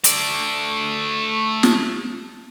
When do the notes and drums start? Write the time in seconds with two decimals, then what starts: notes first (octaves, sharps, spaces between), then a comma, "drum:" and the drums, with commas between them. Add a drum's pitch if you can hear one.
0.04 A3 D5, drum: hi-hat
1.63 drum: snare